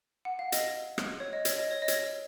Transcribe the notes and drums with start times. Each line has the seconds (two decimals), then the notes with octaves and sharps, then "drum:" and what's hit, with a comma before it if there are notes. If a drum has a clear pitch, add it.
0.25 F#5
0.39 F5
0.52 D#5, drum: hi-hat
0.98 drum: rim click
1.20 C#5
1.33 D#5
1.45 C#5, drum: hi-hat
1.58 D#5
1.71 C#5
1.82 D#5
1.88 C#5, drum: hi-hat